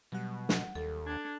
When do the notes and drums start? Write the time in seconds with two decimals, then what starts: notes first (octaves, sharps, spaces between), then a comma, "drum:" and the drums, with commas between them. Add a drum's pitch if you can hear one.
0.12 B2 F#3 G3 F#5
0.49 drum: snare
0.75 D#2 A4
1.07 D4 G#6